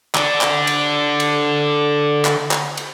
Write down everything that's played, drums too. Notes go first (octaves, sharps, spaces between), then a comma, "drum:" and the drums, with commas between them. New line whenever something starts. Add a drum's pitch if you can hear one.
D3 D4, drum: clap
drum: clap
drum: cymbal
drum: cymbal
drum: clap
drum: clap
drum: cymbal